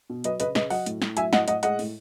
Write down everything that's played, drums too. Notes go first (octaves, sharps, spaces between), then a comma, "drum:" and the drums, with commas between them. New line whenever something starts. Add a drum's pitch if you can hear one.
B2
F#3 B4 D#5, drum: hi-hat
C#3 B4 D#5, drum: hi-hat
C#3 B4 D#5, drum: snare
F#3 D#5 F#5, drum: open hi-hat
A2, drum: hi-hat
A2, drum: snare
F#3 E5 G#5, drum: hi-hat
A2 D#5 F#5, drum: snare
A2 D#5 F#5, drum: hi-hat
G#3 D#5 F#5, drum: hi-hat
A2, drum: open hi-hat